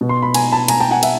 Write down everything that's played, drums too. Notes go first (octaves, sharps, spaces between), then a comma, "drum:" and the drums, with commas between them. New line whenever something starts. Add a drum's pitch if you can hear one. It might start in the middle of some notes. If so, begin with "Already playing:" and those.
B2
C6
B5
G#5 A#5, drum: cymbal
A5 B5
G#5 A#5, drum: cymbal
G5 A5
F#5 G#5
E5 F#5, drum: cymbal